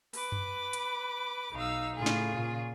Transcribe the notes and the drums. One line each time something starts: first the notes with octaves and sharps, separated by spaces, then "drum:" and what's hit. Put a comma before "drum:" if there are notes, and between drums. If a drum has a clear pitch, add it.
B4 D6, drum: open hi-hat
drum: tom F#2
drum: hi-hat
B1 D#4 F5 E6
A2 C#3 F4 G#4
drum: snare
A#2